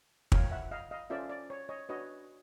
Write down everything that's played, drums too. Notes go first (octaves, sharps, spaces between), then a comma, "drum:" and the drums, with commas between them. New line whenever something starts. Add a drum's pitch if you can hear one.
F4 A#4 C#5 F5 G5, drum: kick
E5 F#5
D#5 F5
D#5 F5
C#4 F4 A4 C5 D5 E5
D5
C#5
C#5 D#5
D4 F#4 B4 C#5 D#5